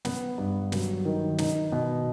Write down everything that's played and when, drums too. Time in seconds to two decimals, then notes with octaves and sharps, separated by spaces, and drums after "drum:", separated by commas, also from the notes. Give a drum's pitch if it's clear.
0.05 B3, drum: snare
0.38 G2
0.72 F#3, drum: snare
1.05 D#3
1.38 D#4, drum: snare
1.72 B2